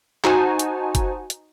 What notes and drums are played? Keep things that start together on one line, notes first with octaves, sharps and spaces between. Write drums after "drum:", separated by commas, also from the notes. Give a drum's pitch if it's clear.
D#4 F#4 C5 F#5 G#5 A5, drum: clap
drum: hi-hat
drum: kick F#1, hi-hat
drum: hi-hat